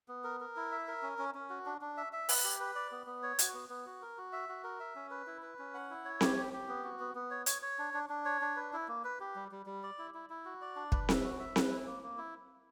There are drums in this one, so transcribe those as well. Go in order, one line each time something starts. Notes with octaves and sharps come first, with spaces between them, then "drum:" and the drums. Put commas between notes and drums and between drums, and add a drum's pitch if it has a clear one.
B3
A#4
A#4
E4
E5
A#4
C#4
C#4
C#4
F#4
D4
D4
E5
E5
B4, drum: open hi-hat
G4
B4
D5
B3
B3
C#5
F#4, drum: hi-hat
B3
B3
F#4
A#4
F#4
E5
F#4
A#4
E5
C#4
B4
E4
B4
C#4
F#5
E4
C#5
G4, drum: snare C4
G4
G4
B3
F#4
B3
B3
C#5
C#5, drum: hi-hat
C#5
D4
D4
D4
C#5
D4
B4
E4
A#3
B4
G4
G3
G3
G3
D5
E4
E4
E4
F#4
D5
D4
B4, drum: kick
E5, drum: snare C4
F#4
E5
B4, drum: snare C4
E4
A#3
A#3
E4